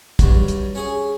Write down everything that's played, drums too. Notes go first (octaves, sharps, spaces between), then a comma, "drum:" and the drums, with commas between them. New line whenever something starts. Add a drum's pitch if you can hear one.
G2 F#3, drum: kick, hi-hat
drum: hi-hat
C#4 G#4 G#5